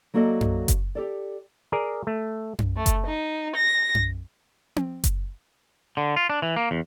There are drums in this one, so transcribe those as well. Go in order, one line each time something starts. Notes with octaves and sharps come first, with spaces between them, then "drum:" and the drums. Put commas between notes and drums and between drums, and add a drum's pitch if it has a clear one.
F#3 A#3 F#4 A4 D5 D#5
drum: tom F#2
drum: kick F#1, hi-hat
G4 A4 D5
G#4 A#4 D5
A3
drum: tom F#2
A3
drum: kick F#1, hi-hat
D#4
A#6
drum: tom F#2
drum: tom C4
drum: kick F#1, hi-hat
D3
F4
D4
E3
A#3
E2